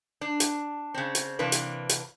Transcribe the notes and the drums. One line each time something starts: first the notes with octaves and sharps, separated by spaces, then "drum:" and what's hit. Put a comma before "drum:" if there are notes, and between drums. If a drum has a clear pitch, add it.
D4
drum: hi-hat
C#3 C4
drum: hi-hat
C3 E3 A#3 D4 B4
drum: hi-hat
drum: hi-hat